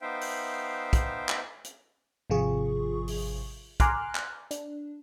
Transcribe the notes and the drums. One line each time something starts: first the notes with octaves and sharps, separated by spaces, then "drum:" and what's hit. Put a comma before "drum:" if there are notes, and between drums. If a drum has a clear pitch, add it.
B3 D#4 C5 E5 F5 G5
drum: open hi-hat
drum: kick, hi-hat
drum: clap
drum: hi-hat
G#1 C3 F3 F4 G#4 C#6
drum: open hi-hat
G#5 A#5 C6 D6 F6 F#6, drum: kick, hi-hat
drum: clap
D4, drum: hi-hat